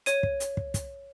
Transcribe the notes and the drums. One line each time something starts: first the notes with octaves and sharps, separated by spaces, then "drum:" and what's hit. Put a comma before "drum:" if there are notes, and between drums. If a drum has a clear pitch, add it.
C#5 D#7, drum: hi-hat
drum: kick
drum: hi-hat
drum: kick
drum: kick, hi-hat